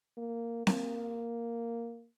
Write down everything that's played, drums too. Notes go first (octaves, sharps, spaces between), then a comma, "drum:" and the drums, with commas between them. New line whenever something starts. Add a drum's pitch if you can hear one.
A#3
A#3, drum: snare C4